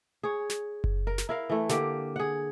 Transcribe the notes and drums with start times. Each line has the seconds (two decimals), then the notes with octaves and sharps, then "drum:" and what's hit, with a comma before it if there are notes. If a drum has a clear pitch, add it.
0.23 G#4 C#5
0.50 drum: snare
0.84 drum: kick F#1
1.07 A#4
1.18 drum: snare
1.29 E4 A#4 F5
1.50 E3 A3
1.69 D3 A#3 G4, drum: snare
2.16 G#4 F#5